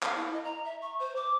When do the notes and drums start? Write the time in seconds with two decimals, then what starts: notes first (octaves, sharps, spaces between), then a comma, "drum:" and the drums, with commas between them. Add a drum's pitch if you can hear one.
0.03 F5, drum: clap
0.16 E4
0.33 D#5
0.44 A#5
0.65 E5
0.82 C#6
1.00 C5
1.16 D6